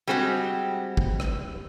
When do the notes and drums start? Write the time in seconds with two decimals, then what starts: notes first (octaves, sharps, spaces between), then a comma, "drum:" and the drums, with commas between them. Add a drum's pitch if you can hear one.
0.07 G3 G#3 C4 F#4 G4
0.97 drum: kick
1.20 drum: rim click